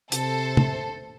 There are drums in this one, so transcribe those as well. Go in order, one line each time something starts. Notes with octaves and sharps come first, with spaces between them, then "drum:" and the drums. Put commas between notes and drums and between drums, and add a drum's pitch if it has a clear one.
C3 A4 C5, drum: hi-hat
drum: tom